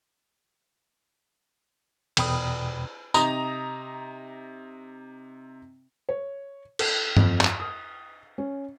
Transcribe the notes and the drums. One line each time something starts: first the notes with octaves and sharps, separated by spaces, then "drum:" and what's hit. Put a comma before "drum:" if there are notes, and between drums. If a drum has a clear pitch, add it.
E2 B2 G5 B5 D#6, drum: cymbal
C3 D#4 A#5 D#6, drum: tambourine
C#5
A4, drum: cymbal
F2, drum: tom G2
drum: clap
D#6
C#4